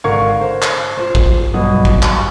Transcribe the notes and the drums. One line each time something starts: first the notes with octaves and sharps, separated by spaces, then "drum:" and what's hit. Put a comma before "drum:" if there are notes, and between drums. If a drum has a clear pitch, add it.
G#1 D3 A#4 F5 C#6 G#6
C5
drum: clap
F4 C5
drum: kick
B1 G2 B3 D#6
drum: kick
G4 A5 C#6, drum: clap